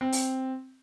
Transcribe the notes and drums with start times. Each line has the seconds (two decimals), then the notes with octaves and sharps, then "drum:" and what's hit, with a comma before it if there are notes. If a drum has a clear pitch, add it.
0.01 C4
0.12 drum: open hi-hat